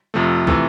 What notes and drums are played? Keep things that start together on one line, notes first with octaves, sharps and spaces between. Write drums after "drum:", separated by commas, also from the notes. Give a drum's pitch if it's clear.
F2 C3 F3 A3
C3 E3 A3 F4, drum: kick